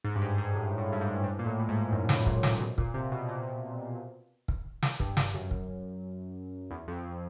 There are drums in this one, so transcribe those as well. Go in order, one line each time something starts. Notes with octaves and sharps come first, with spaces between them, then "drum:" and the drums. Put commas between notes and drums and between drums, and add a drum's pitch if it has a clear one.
G#2
G2
G#2
G#2
A2
A2
G2
G#2
G2
A#2
A2
A2
G#2
F#2
A2, drum: snare
A#2, drum: kick
A#2, drum: snare
B2
A#2, drum: kick
C3
B2
A#2
drum: kick
drum: snare
G2, drum: kick
drum: snare
F#2
drum: kick
E2
F2